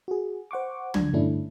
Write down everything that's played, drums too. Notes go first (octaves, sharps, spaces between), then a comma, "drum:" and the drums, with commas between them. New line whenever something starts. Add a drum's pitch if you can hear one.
F#4 G#4
C5 F#5 C#6 D6
D2 D4 G#6, drum: tom
G2 D3 A3 C#4 D4 E4